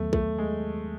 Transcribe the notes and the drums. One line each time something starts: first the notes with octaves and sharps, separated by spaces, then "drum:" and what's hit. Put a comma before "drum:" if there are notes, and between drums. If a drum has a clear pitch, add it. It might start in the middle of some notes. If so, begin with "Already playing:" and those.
Already playing: D#2 D#3 F#3 A3 B3
A3, drum: kick A#1
G#3